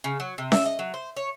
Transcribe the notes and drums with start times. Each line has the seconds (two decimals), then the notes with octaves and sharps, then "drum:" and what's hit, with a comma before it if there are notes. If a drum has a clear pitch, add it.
0.04 C#3
0.20 F#3
0.38 C3
0.52 E5, drum: snare C#4
0.66 D#5
0.79 F#3
0.94 C5
1.16 C#5